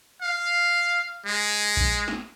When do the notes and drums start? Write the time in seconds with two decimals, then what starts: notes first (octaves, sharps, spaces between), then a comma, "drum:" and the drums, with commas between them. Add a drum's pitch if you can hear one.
0.22 F5
1.25 G#3
1.77 drum: kick A#1
2.08 drum: snare